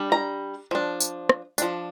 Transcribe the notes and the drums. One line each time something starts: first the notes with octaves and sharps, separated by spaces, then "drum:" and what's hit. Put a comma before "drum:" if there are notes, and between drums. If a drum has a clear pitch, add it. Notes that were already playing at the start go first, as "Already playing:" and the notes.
Already playing: G3 D4
A#5
F3 D4
drum: tambourine
drum: rim click
F3 D4, drum: tambourine